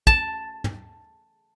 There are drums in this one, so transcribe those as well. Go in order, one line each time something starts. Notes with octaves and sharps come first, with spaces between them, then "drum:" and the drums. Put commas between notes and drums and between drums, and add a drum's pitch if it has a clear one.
A5, drum: kick
drum: tom